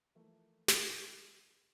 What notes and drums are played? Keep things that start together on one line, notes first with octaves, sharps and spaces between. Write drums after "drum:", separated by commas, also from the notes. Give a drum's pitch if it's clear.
E3 F3 A3 A#3
drum: snare